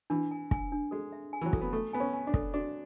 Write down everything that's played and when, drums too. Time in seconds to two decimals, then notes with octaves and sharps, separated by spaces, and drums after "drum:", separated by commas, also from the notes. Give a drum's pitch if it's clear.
0.10 E3 D4
0.31 G#5
0.51 G#5, drum: kick
0.72 D4
0.91 G#3 A4
1.12 E5
1.33 G#5
1.42 E3
1.46 F#3
1.53 A4, drum: kick
1.61 B3
1.73 A3 A4
1.93 B3 G#5
2.00 C#4
2.14 G#5
2.27 D4
2.34 A4, drum: kick
2.54 D4 F#4